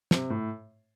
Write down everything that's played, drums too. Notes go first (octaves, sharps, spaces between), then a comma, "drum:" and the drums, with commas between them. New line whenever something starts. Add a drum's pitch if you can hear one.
C3, drum: snare
A2